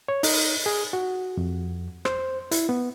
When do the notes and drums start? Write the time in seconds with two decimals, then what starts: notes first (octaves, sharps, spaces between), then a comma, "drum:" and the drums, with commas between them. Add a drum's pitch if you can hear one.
0.08 C#5
0.23 D#4, drum: open hi-hat
0.66 G#4
0.93 F#4
1.37 F2
2.05 C5, drum: rim click
2.51 E4, drum: hi-hat
2.69 B3